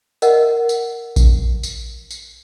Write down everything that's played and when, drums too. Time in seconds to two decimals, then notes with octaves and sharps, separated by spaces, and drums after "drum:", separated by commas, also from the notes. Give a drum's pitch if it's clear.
0.22 A#4 D#5 F#5, drum: tambourine
0.69 drum: tambourine
1.16 drum: kick A#1, tambourine
1.63 drum: tambourine
2.11 drum: tambourine